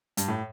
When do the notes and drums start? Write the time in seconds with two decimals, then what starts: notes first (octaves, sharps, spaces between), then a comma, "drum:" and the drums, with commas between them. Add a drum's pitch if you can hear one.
0.17 G2, drum: hi-hat
0.28 A2